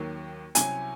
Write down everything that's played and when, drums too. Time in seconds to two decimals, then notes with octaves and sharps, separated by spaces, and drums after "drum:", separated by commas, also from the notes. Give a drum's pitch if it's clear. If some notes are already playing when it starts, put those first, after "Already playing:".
Already playing: D#2 D#3 F#3
0.55 C2 C3 F#3 C#4 E4 G#5, drum: hi-hat